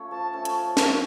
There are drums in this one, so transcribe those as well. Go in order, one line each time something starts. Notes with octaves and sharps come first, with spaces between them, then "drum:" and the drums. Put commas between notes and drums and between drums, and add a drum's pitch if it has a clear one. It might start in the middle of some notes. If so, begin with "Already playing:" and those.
Already playing: A3 C#4 F4
F3 A5
A3 C#4 F4
drum: hi-hat
F3
A3 C#4 F4, drum: snare